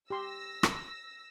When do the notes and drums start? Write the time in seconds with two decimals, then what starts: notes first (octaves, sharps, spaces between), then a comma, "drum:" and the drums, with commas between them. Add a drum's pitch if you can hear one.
0.10 G4 C6 E6 A#6
0.63 drum: rim click